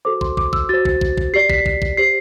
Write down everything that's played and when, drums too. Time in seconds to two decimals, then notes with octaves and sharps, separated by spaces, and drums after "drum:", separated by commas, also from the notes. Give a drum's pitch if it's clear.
0.05 F#4 A4 C5 D6
0.21 C6, drum: kick
0.37 D6, drum: kick
0.53 E6, drum: kick
0.69 F#4 C5 A6
0.85 drum: kick
1.01 drum: kick
1.17 drum: kick
1.33 G4 D5 C7
1.50 B6, drum: kick
1.66 drum: kick
1.82 drum: kick
1.97 G4 C5 C7